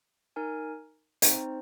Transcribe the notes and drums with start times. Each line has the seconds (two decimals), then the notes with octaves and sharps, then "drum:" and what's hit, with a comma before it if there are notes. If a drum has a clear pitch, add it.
0.36 D#4 A#4 G#5
1.22 C4 D#4 C5, drum: hi-hat